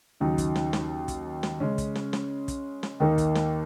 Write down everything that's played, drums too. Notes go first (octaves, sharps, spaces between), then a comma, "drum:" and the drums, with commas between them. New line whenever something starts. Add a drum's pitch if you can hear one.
D#2 C#3 F#3 D#4
drum: kick, hi-hat
drum: snare
drum: snare
drum: kick, hi-hat
drum: snare
C#3 G#3 C#4
drum: kick, hi-hat
drum: snare
drum: snare
drum: kick, hi-hat
drum: snare
D#2 D#3 A#3 D#4
drum: kick, hi-hat
drum: snare